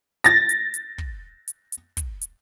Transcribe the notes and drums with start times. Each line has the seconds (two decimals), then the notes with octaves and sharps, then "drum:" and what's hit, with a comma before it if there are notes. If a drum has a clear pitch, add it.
0.24 A6 A#6, drum: hi-hat
0.49 drum: hi-hat
0.74 drum: hi-hat
0.98 drum: kick
1.48 drum: hi-hat
1.72 drum: hi-hat
1.97 drum: kick, hi-hat
2.21 drum: hi-hat